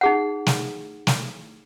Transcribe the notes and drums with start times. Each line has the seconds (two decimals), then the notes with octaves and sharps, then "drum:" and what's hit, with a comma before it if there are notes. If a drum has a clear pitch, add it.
0.01 D#4 G#4 F#5
0.46 drum: snare
1.07 drum: snare